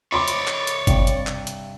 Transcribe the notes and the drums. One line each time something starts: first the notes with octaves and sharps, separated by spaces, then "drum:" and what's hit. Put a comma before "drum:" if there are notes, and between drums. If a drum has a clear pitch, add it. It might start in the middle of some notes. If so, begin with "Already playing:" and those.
C#5 D5 B5 C6 D6
drum: hi-hat
drum: clap
drum: hi-hat
G2 C3, drum: kick G1, hi-hat
drum: hi-hat
drum: clap
drum: hi-hat